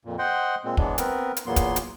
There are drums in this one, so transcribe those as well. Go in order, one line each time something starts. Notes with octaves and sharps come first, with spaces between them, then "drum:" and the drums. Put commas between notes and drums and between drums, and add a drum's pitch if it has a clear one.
F2 A#2
C5 D#5 F#5 G5 C6
A#2 G#3 C4
E3 F#3 G#3 B3 D4, drum: kick
B3 C4 A#4 B4, drum: hi-hat
drum: hi-hat
E2 A#2 F#3 A#3 B3 C6
drum: kick, hi-hat
drum: hi-hat